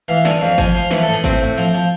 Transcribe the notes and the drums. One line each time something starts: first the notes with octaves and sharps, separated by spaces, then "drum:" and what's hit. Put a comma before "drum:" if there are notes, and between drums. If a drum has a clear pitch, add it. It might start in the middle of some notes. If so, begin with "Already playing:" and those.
E3 F5
D3 G#5, drum: snare
F2 F5
F3 G#5, drum: kick G#1, hi-hat
F3 F5
E3 B4, drum: snare
A4
A2
G#4
A2 C4, drum: kick G#1, hi-hat
A2
F3, drum: open hi-hat
F3